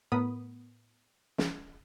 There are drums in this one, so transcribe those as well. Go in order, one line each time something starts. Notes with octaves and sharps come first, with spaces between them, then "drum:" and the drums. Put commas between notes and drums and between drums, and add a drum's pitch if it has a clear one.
A2 B3 A#4 B5 D#6
drum: snare